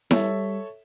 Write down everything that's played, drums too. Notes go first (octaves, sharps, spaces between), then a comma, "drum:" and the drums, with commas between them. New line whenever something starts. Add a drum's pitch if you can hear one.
G3 A4 C#5 E5, drum: snare E4